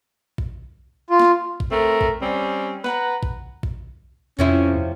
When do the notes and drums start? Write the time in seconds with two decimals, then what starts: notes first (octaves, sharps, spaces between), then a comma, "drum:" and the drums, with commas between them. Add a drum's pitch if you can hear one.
0.38 drum: kick A#1
1.10 F4
1.20 drum: snare
1.60 drum: kick A#1
1.70 A3 C4 A#4
2.01 drum: kick A#1
2.21 G3 C4 C#4
2.84 B4 F#5 A#5, drum: snare
3.23 drum: kick A#1
3.63 drum: kick A#1
4.39 F2 C3 F3 C#4 E4